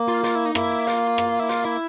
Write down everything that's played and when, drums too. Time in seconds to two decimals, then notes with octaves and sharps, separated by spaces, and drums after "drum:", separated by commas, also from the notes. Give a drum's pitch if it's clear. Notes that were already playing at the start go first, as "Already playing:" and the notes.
Already playing: A#3
0.08 F4
0.24 F4, drum: hi-hat
0.35 E4
0.46 D#4
0.55 A#3 E4, drum: rim click
0.87 F4, drum: hi-hat
1.18 drum: rim click
1.40 E4
1.49 F4, drum: hi-hat
1.65 E4